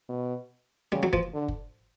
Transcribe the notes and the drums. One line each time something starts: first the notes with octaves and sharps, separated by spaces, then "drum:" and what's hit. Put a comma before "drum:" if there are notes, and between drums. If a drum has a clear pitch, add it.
B2
C#3 G3
F#3
F3, drum: kick F#1
D3
drum: kick F#1